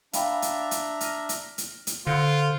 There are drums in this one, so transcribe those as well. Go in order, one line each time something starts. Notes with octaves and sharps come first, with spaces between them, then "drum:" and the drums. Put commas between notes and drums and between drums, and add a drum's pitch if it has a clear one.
D4 E5 F5 G5 A#5 B5, drum: hi-hat
drum: hi-hat
drum: hi-hat
F6 A#6 D#7, drum: hi-hat
drum: hi-hat
drum: hi-hat
drum: hi-hat
D3 F4 C5 F#6 C#7 D7